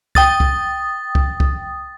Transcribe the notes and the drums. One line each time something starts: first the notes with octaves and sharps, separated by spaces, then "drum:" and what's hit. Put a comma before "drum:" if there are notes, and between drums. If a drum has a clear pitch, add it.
G5 D#6 A6, drum: kick
drum: kick
drum: kick
drum: kick